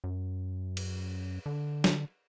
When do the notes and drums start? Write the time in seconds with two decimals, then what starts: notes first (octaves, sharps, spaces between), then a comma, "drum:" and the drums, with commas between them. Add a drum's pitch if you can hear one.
0.04 F#2
0.77 drum: cymbal
1.46 D3
1.84 drum: snare